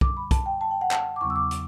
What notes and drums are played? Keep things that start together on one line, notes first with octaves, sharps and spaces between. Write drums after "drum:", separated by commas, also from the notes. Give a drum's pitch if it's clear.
F#2 D3 G3 D6, drum: kick
B5
A5, drum: kick, hi-hat
G5
A5
G5
F#5
A5, drum: clap
D6
E2 C#3 F#3 B3 C#6
E6
D6
drum: hi-hat